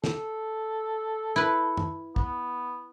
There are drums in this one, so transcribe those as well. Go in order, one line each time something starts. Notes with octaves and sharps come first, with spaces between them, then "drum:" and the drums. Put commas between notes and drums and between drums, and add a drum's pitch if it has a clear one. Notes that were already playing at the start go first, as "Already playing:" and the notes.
A4, drum: snare
E4 B4
drum: tom
B3, drum: kick